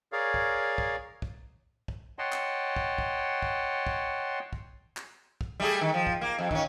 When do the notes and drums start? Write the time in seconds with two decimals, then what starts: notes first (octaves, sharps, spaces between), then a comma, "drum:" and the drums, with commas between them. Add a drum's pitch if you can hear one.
0.12 G#4 A#4 C#5 D5 F5
0.34 drum: kick
0.78 drum: kick
1.22 drum: kick
1.88 drum: kick
2.19 C#5 D#5 F#5 G5 A5 C6
2.32 drum: clap
2.76 drum: kick
2.98 drum: kick
3.42 drum: kick
3.87 drum: kick
4.53 drum: kick
4.97 drum: clap
5.41 drum: kick
5.60 G3 A3 G#4
5.81 D#3
5.94 F3
6.07 drum: kick
6.21 A#3
6.39 F2
6.51 D#3 C#4, drum: kick